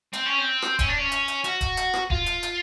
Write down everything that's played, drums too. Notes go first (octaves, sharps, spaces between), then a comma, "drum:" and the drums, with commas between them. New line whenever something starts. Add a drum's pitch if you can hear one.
C4, drum: hi-hat
C#4
C4
drum: rim click
C#4, drum: kick D#1, hi-hat
D4
C#4
drum: hi-hat
drum: hi-hat
F#4, drum: hi-hat
drum: kick D#1, hi-hat
drum: hi-hat
drum: rim click
F4, drum: kick D#1
drum: hi-hat
drum: hi-hat